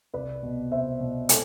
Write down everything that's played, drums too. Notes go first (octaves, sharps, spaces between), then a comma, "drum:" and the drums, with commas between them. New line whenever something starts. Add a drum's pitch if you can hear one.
C2 B4 D5
B2
C2 C5 E5
B2
A4 C5, drum: hi-hat